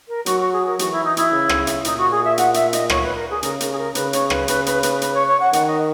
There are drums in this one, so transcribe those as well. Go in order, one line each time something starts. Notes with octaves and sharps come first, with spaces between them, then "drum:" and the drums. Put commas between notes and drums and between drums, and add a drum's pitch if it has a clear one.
A#4
F#3 F#4, drum: hi-hat
F#4
G#4
A#4
E3 F#4, drum: hi-hat
E4
D#4
E4, drum: hi-hat
C#3
drum: rim click
drum: hi-hat
A#2 D#4, drum: hi-hat
F#4
G#4
E5
F#5, drum: hi-hat
E5, drum: hi-hat
D#5, drum: hi-hat
C#5, drum: rim click
B4
A#4
G#4
C#3 A#4, drum: hi-hat
A#4, drum: hi-hat
G#4
A#4
C#3 B4, drum: hi-hat
C#5, drum: hi-hat
B4, drum: rim click
B4, drum: hi-hat
B4, drum: hi-hat
B4, drum: hi-hat
B4, drum: hi-hat
C#5
C#5
F#5
D#3 F#5, drum: hi-hat
D#5